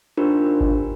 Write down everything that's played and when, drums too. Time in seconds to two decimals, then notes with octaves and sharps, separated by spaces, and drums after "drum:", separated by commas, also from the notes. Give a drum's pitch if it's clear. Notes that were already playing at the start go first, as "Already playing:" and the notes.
0.17 D4 D#4 F4 G4 A#4 C5
0.61 drum: kick G1